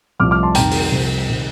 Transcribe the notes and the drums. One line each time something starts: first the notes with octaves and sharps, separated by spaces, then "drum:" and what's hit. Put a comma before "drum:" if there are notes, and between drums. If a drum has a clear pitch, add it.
C2 C3 F3 D6 F6
D6 F6
A5 C6
F2 C3 D#3 G5 A#5, drum: hi-hat
drum: open hi-hat
C2 C3 F3
C3 D#3